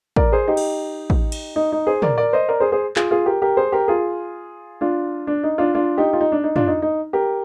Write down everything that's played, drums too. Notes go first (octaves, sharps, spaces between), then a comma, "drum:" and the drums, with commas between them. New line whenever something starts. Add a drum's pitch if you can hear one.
A#4 D5, drum: kick
G#4 C5
D#4 G4
drum: cymbal
drum: kick
drum: cymbal
D#4
D#4
G#4 C5
A#4 D5, drum: tom
A#4 D5
C5 D#5
A#4 D5
G#4 C5
G#4 C5
F4 G#4, drum: clap
F4 G#4
G4 A#4
G4 A#4
G#4 C5
G4 A#4
F4 G#4
D4 F4
D4
D#4
D4 F4
D4 F4
D#4 G4
F4
D#4
D4
D#4
D4 F4, drum: tom
D#4
D#4
G4 A#4